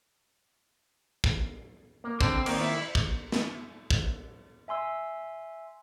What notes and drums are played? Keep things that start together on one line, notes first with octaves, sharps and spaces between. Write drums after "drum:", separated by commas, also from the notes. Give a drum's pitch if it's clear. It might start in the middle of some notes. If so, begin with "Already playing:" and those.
drum: kick
A#3
D3 C4, drum: kick
D#3 A#3, drum: cymbal
E4
drum: kick
drum: snare
drum: kick
E5 G#5 C6 E6